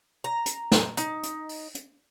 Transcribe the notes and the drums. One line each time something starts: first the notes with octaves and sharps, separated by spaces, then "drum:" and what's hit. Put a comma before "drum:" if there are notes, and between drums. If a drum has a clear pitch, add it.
A#5
drum: hi-hat
drum: snare
D#4, drum: hi-hat
drum: hi-hat
drum: open hi-hat
drum: hi-hat